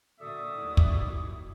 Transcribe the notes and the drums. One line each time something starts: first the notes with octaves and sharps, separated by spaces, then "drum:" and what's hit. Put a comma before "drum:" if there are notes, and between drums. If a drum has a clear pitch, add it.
A#2 D3 F#4 A4 D5 E5 D6 D#6
D#2 E4
drum: kick